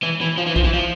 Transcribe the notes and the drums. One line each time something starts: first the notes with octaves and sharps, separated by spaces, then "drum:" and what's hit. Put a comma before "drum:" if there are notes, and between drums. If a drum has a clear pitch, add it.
E3
E3
F3
E3
F3, drum: kick
E3
F3